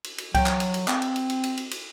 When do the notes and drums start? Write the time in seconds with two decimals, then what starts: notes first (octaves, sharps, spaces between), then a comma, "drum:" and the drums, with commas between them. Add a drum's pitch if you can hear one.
0.04 drum: cymbal
0.18 drum: cymbal
0.35 F#3 G5, drum: kick C2, cymbal
0.46 drum: clap
0.60 drum: cymbal
0.74 drum: cymbal
0.88 C4, drum: clap
1.02 drum: cymbal
1.16 drum: cymbal
1.30 drum: cymbal
1.43 drum: cymbal
1.57 drum: cymbal
1.71 drum: cymbal